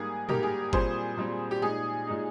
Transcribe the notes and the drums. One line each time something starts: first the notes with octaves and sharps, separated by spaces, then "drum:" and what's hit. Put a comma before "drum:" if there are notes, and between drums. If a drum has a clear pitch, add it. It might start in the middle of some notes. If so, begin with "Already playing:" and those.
Already playing: G#2 G3 A#3 G#4
G#2 G3 A#3 G4 A#4, drum: tom
G#4
A#2 G3 C4 G#4 C5, drum: kick
A#2 G3 C4
G4
A#2 G#3 D#4 G#4
A#2 G#3 D#4